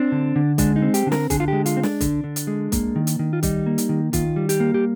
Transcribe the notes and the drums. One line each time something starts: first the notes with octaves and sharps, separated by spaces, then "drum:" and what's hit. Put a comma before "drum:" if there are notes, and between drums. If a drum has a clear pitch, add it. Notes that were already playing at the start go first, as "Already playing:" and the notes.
Already playing: C4 D4
D3
D3
G#3 D4, drum: kick C2, hi-hat
D#4
C4
G4, drum: hi-hat
D3
A#4, drum: snare
D3 G#4, drum: kick C2, hi-hat
F4
G#3 G4
F4, drum: hi-hat
C4
D4, drum: snare
D3, drum: kick C2, hi-hat
D3
drum: hi-hat
G#3
A#3, drum: kick C2, hi-hat
D#3
drum: hi-hat
D#3
F4
G3 D#4, drum: kick C2, hi-hat
A#3
drum: hi-hat
D#3
D#3 F4, drum: kick C2, hi-hat
G3
G4, drum: hi-hat
A#3
G4